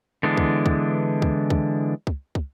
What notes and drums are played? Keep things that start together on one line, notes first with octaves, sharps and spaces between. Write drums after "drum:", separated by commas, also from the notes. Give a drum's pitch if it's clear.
D3 E3 G#3 B3 D4
drum: kick
drum: kick
drum: kick
drum: kick
drum: kick
drum: kick